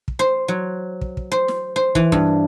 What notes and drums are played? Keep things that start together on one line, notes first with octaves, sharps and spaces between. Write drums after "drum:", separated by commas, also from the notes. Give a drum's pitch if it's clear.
drum: kick
C5
F#3
drum: kick
drum: kick
C5
drum: snare
C5
E3, drum: kick
G2, drum: kick